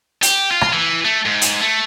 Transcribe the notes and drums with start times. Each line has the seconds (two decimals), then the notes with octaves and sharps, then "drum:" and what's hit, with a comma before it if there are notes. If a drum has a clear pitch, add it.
0.23 G4, drum: hi-hat
0.51 F4
0.61 drum: rim click
0.73 E3
1.05 A3
1.26 G#2
1.41 drum: hi-hat
1.62 A3